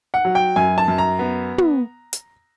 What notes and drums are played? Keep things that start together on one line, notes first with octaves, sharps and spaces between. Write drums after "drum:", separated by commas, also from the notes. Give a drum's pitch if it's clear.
F#5
F#3
G5
F#2 G#5
A5
F#2
A#5
B3
drum: tom
drum: hi-hat